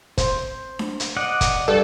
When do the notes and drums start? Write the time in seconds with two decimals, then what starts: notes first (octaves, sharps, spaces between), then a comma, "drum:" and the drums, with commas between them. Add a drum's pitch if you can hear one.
0.18 C5, drum: kick, hi-hat
0.79 drum: snare D4
1.00 drum: hi-hat
1.17 D5 D#5 F#5
1.41 drum: kick, hi-hat
1.68 G2 A4